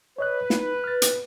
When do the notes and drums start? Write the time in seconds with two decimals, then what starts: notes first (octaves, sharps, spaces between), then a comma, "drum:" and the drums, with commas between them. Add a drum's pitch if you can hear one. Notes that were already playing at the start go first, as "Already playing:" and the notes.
0.18 B4 C#5 D#5 F#6
0.50 D#4, drum: snare
0.84 F6 A6
1.02 drum: hi-hat